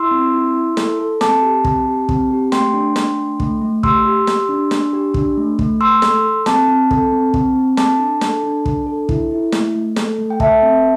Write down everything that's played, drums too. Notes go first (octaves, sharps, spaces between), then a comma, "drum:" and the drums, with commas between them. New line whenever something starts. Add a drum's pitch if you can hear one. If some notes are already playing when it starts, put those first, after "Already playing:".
Already playing: E4 C6 E6
C4
E4
E4
A4, drum: snare
A4
C4 A5 D6, drum: snare
G4
C4, drum: kick
G4
C4, drum: kick
G4
A3 G5 C6, drum: snare
D4
D4, drum: snare
A3
A3, drum: kick
A3
G4 C6 E6, drum: kick
G4
G4, drum: snare
D4
D4, drum: snare
G4
D4, drum: kick
A3
A3, drum: kick
A3 C6 E6
A4, drum: snare
A4
C4 A5 D6, drum: snare
C4
A4, drum: kick
C4
C4, drum: kick
C4
A4 A5 D6, drum: snare
D4
A4, drum: snare
D4
D4, drum: kick
A4
E4, drum: kick
E4
A3, drum: snare
A3
A4, drum: snare
A3
G5
A4 E5 A5, drum: kick
C4